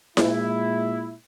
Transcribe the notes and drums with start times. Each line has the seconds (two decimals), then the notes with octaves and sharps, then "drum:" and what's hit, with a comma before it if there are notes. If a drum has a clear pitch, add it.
0.17 A#2 G#3 E4, drum: snare E4